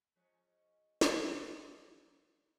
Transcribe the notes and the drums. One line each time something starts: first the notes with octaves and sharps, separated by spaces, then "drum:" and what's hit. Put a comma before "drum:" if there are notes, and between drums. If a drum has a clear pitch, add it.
F3 G#3 C#4
drum: snare
D#4 C5
F3
D#2